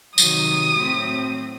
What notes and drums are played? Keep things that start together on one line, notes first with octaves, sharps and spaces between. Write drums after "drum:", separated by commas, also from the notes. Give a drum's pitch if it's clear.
C3 D#3 F#3 D#6, drum: tambourine
A2 F#3 C4